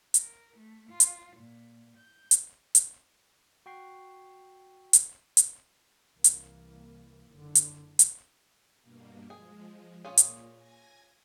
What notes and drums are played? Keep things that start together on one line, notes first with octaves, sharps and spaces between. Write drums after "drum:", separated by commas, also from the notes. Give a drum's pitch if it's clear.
A#4, drum: hi-hat
A3
F4
drum: hi-hat
A#2
G6
drum: hi-hat
drum: hi-hat
F#4 G5 C#6 C7
drum: hi-hat
drum: hi-hat
C2 E3 A#3
drum: hi-hat
F#1 D3
drum: hi-hat
drum: hi-hat
G2 B2 A#3
F3 G#3 G#4
A#2 C#4 F4 G#4
drum: hi-hat
G#5 G#6 A#6